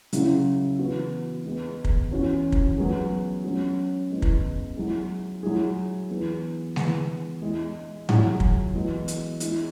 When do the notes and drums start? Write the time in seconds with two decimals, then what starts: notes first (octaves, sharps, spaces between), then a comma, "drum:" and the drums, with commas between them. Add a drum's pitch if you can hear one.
0.13 C#3 F#3 E4 G#4, drum: hi-hat
0.79 E3 B3 F#4
1.45 G#3 B3 G#4
1.85 drum: kick
2.11 E3 C#4 F#4
2.52 drum: kick
2.77 F#3 B3 G#4
3.44 F#3 C#4 F#4
4.10 G#3 B3 E4
4.22 drum: kick
4.76 F#3 E4 G#4
5.43 F#3 E4 G#4
6.10 E3 B3 G#4
6.76 E3 B3 G#4, drum: snare G#3
7.42 G#3 E4 G#4
8.09 F#3 E4 G#4, drum: tom G#2
8.40 drum: kick
8.75 E3 G#3 B3 F#4
9.08 drum: hi-hat
9.40 G#3 E4 G#4, drum: hi-hat